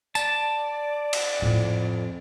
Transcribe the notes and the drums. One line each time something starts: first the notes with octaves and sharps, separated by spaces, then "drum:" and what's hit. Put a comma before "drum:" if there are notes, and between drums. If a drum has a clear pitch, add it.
D5 A5, drum: tambourine
drum: cymbal
F2 A2 C4